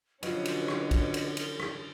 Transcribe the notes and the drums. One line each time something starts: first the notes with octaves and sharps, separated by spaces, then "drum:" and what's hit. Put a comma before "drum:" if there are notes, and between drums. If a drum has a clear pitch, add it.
B2 D3 F3 F#3 C#4 B4, drum: cymbal
drum: cymbal
drum: rim click
drum: kick, cymbal
drum: cymbal
drum: cymbal
drum: rim click